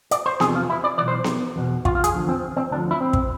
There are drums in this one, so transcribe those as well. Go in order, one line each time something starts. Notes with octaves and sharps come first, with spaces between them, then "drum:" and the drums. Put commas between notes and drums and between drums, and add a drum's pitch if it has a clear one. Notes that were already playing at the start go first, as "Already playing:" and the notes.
D5, drum: hi-hat
C5
E2 C3 F3 G#4, drum: snare B3
F4
E4
D5
B1 A2 E3 D5
C5
drum: snare B3
E2 B2
F4, drum: kick
F4
G#4, drum: hi-hat
E2 D3 F3
C4
C4
D2 D3 F3 D4
E4
C4
drum: kick